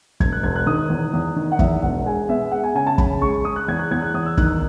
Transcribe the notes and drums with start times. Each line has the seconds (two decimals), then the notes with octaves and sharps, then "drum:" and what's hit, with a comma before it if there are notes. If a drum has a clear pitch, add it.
0.20 E1 G#6, drum: kick
0.32 F#6
0.43 E1 G#6
0.56 F#6
0.67 D#3 D#6
0.90 E2
1.14 E2
1.36 D#3
1.52 F#5
1.59 E2 E5, drum: kick
1.82 E1 F#5
2.06 G#3 G#5
2.29 B3 E5
2.51 G#3 F#5
2.63 G#5
2.75 C#3 G#5
2.87 A5
2.98 C#3 B5, drum: kick
3.21 G#3 C#6
3.44 G#3 D#6
3.56 F#6
3.68 E2 G#6
3.79 F#6
3.91 E2 G#6
4.02 F#6
4.14 E2 D#6
4.26 E6
4.37 D#3 F#6, drum: kick